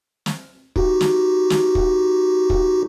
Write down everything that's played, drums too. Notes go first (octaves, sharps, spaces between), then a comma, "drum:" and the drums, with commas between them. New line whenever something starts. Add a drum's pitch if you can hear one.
drum: snare
D#4 F#4 G4, drum: kick
drum: snare
drum: snare
drum: kick
drum: kick